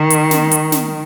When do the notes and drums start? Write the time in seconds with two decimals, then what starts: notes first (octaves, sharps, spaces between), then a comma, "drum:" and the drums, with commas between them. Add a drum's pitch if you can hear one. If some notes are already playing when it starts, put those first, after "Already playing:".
Already playing: D#3
0.10 drum: hi-hat
0.31 drum: snare
0.51 drum: hi-hat
0.72 drum: snare